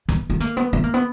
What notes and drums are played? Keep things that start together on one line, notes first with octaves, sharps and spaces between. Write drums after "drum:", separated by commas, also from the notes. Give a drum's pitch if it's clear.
B3, drum: kick, hi-hat
B3
A#3, drum: hi-hat
B3
B3
A#3
B3